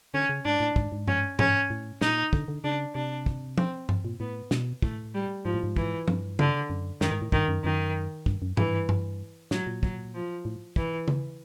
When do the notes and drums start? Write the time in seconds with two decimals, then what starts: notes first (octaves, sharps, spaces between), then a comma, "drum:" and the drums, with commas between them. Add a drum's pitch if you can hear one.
0.14 D3 C#4
0.29 C#3
0.45 G#2 D4
0.60 A2
0.76 G#2, drum: kick
0.92 G#2
1.08 C#4, drum: tom G2
1.39 C#4, drum: tom G#2
1.70 A2
2.01 A#2 D#4, drum: snare
2.33 D3, drum: kick
2.48 D3
2.64 C#3 D4
2.95 C3 D4
3.26 drum: kick
3.58 C4, drum: tom F3
3.89 drum: tom G2
4.05 A#2
4.20 A2 B3
4.51 B2, drum: snare
4.82 A2 A3, drum: kick
5.14 G3
5.45 G#2 F3
5.54 A2
5.63 G#2
5.76 E3, drum: kick
6.08 G2, drum: tom F3
6.39 D3, drum: tom C#3
6.70 F#2
7.01 F#2 D#3, drum: snare
7.12 G#2
7.22 A2
7.32 G2 D#3, drum: kick
7.48 F#2
7.63 F#2 D#3
8.26 G2, drum: kick
8.42 F#2
8.57 G2 E3, drum: tom G#2
8.89 drum: tom G2
9.51 A2 F#3, drum: snare
9.67 A#2
9.83 F#3, drum: kick
10.14 F3
10.45 A2
10.76 E3, drum: kick
11.08 drum: tom C#3